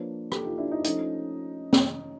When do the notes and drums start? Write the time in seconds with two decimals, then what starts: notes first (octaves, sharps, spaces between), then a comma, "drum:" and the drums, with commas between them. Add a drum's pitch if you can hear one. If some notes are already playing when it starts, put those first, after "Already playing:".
Already playing: F3 A#3 D4 B4 C#5
0.32 G4 A4, drum: rim click
0.45 D#4 F4
0.58 D4 E4
0.72 D#4
0.84 F3 A3 C#4 D#4, drum: hi-hat
1.73 drum: snare